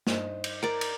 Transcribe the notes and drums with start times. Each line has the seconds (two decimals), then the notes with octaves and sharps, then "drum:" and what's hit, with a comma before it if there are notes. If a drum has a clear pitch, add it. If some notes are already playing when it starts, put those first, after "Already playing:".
0.07 G2 D#4 C5, drum: snare
0.44 drum: cymbal
0.63 A#4 D5
0.81 drum: cymbal